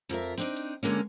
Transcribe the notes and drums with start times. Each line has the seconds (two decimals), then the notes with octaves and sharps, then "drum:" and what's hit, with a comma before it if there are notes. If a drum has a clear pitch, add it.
0.09 F2 F4 A#4 E5
0.38 C4 D4 D#4, drum: open hi-hat
0.56 drum: hi-hat
0.83 D3 G#3 A#3 C#4